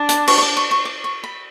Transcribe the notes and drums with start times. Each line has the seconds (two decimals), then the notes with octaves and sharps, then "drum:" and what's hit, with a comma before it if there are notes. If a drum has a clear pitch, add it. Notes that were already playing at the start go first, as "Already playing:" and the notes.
Already playing: D4
0.09 A5, drum: hi-hat
0.28 C#6, drum: cymbal
0.38 C#6
0.42 D6
0.57 C#6
0.71 C#6
0.85 D6
1.04 C#6
1.24 B5